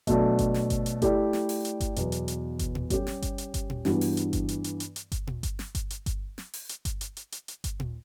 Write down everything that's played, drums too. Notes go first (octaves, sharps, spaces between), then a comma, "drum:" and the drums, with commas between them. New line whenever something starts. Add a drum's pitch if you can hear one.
B2 F#3 A3 D4, drum: kick G1, hi-hat
drum: kick G1, hi-hat
drum: snare
drum: kick G1, hi-hat
drum: hi-hat
A3 E4 G4 D5, drum: kick G1, hi-hat
drum: snare
drum: open hi-hat
drum: hi-hat
drum: kick G1, hi-hat
E2 B2 F#3, drum: hi-hat
drum: hi-hat
drum: hi-hat
drum: kick G1, hi-hat
drum: tom A#2
G3 C#4 G4, drum: kick G1, hi-hat
drum: snare
drum: kick G1, hi-hat
drum: hi-hat
drum: kick G1, hi-hat
drum: tom A#2
G2 E3 G3 B3 F#4, drum: snare
drum: open hi-hat
drum: hi-hat
drum: kick G1, hi-hat
drum: hi-hat
drum: hi-hat
drum: hi-hat
drum: hi-hat
drum: kick G1, hi-hat
drum: tom A#2
drum: kick G1, hi-hat
drum: snare
drum: kick G1, hi-hat
drum: hi-hat
drum: kick G1, hi-hat
drum: snare
drum: open hi-hat
drum: hi-hat
drum: kick G1, hi-hat
drum: hi-hat
drum: hi-hat
drum: hi-hat
drum: hi-hat
drum: kick G1, hi-hat
drum: tom A#2